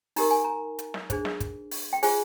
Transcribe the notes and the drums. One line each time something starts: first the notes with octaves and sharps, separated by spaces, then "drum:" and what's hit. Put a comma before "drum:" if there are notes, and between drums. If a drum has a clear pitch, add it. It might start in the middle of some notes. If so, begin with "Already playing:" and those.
D#4 G4 A#4 A#5, drum: open hi-hat
G#5
A#5
drum: hi-hat
drum: snare
D4 G#4 C5, drum: kick, hi-hat
drum: snare
drum: kick, hi-hat
drum: open hi-hat
G5
F4 G#4 C5 G#5, drum: open hi-hat